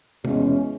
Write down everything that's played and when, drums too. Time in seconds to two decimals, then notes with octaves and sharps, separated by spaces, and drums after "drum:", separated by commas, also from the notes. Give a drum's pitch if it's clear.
0.25 E2 B2 G#3 C#4, drum: tom